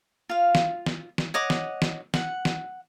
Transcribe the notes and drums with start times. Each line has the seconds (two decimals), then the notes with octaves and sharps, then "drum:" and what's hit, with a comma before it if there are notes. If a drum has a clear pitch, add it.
0.29 F4 F5
0.55 drum: snare
0.86 drum: snare
1.18 drum: snare
1.34 C#5 D#5 F#5 D6
1.50 drum: snare
1.82 drum: snare
2.14 F#5, drum: snare
2.45 drum: snare